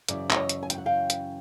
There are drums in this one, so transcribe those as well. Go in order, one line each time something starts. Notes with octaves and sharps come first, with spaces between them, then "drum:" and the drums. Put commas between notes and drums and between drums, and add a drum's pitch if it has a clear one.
F#2 C#3 E3 D5, drum: hi-hat
E5, drum: clap
C#5 D#5
drum: hi-hat
G#5
G5, drum: hi-hat
F#5
F5 G5
drum: hi-hat